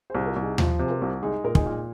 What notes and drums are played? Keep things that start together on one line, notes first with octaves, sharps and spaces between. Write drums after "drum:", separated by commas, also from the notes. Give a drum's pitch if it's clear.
C2 G#4 C5
F4 A#4
C2
D#4 G#4
F3, drum: tom D#2
C3
G#4
F4 A#4
C2
G#3 D#4 G#4
A#2 A#4
D#4 G#4, drum: kick
A#2